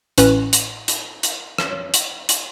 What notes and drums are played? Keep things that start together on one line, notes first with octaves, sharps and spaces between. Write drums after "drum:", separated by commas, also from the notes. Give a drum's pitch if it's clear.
A1 A2 C#4 B4, drum: hi-hat
drum: hi-hat
drum: hi-hat
drum: hi-hat
drum: rim click
drum: hi-hat
drum: hi-hat